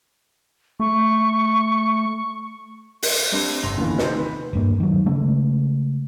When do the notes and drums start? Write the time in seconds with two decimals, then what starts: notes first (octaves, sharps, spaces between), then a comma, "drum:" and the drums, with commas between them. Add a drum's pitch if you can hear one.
0.80 A3 C#6
3.03 drum: open hi-hat
3.32 G3 C4 D4
3.63 G1 C3 C6 A#6 F7
3.77 D#2 D3 E3 F3 B3
3.98 C3 D#3 C5, drum: snare
4.19 B4
4.53 D#1 G2 A#3
4.80 D#3 F#3
5.06 C#3 G#3 A3